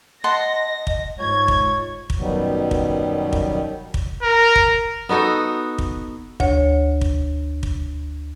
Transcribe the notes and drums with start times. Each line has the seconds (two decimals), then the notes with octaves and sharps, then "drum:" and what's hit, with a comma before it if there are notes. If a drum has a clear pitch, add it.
0.24 D#5 F#5 A5 C6 A#6
0.87 drum: kick
1.19 G#2 F4 C#5 G#6
1.48 drum: kick
2.10 drum: kick
2.19 F#2 B2 D#3 F#3 G3 B3
2.71 drum: kick
3.33 drum: kick
3.94 drum: kick
4.23 A#4
4.55 drum: kick
5.09 B3 D#4 F#4 A4
5.78 drum: kick
6.40 D2 C#5, drum: kick
7.01 drum: kick
7.63 drum: kick